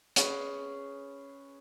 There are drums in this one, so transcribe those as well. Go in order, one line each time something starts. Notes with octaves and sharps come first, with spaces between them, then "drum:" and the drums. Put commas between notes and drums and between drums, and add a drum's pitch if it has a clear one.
C#4 G#4 B4, drum: hi-hat